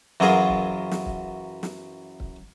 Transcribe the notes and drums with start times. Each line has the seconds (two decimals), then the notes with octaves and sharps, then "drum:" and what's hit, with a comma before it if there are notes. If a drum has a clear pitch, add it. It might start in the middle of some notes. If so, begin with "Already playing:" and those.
0.20 F#2 E3 F#3 F4 G#4 A#4
0.49 drum: kick C#1
0.91 drum: snare
1.06 drum: kick C#1
1.63 drum: snare
2.20 drum: kick C#1